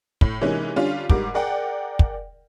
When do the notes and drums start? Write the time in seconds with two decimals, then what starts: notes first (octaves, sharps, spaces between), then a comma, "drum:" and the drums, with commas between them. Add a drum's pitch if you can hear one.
0.21 A2, drum: kick
0.41 C3 E3 G#3 A#3 C#4 D#4
0.76 D3 G3 C#4 D4 F4
1.09 G#2 G3 A#4 D6, drum: kick
1.34 G#4 A#4 D5 F#5 G5
1.99 drum: kick